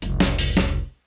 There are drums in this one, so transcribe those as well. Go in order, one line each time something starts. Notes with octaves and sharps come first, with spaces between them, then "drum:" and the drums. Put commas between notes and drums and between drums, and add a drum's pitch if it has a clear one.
F1 C#2, drum: hi-hat
drum: snare
drum: open hi-hat
drum: snare